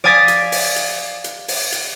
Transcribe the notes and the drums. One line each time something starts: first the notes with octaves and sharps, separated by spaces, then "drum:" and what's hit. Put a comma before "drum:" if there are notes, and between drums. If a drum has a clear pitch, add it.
D5 F5 G#5 D#6 A6 B6
drum: hi-hat
drum: open hi-hat
drum: hi-hat
drum: hi-hat
drum: open hi-hat
drum: hi-hat